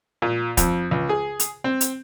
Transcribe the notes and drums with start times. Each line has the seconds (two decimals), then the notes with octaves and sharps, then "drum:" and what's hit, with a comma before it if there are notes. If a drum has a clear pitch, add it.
0.22 A#2
0.57 F2, drum: kick, hi-hat
0.91 C#2
1.09 G#4
1.39 drum: hi-hat
1.64 C4
1.81 drum: hi-hat